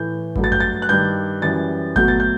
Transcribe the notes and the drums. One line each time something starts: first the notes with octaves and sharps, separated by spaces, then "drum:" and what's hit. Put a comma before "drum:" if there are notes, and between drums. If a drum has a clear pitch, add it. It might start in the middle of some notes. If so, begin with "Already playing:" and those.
Already playing: A2 E3 A3 G6
G2 F#3 A3, drum: kick G#1
A6
G6, drum: tom F2
A6
F#6
G2 D#3 G3 G6
F#2 E3 G3 A6
B2 F#3 A3 G6, drum: kick G#1
A6
G6